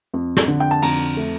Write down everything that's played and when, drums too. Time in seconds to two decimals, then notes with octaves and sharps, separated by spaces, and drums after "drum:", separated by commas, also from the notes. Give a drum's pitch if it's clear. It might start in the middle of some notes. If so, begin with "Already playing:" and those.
0.14 F2
0.37 drum: snare
0.48 D3
0.60 G5
0.71 A5
0.82 F2 A#5, drum: cymbal
1.17 A3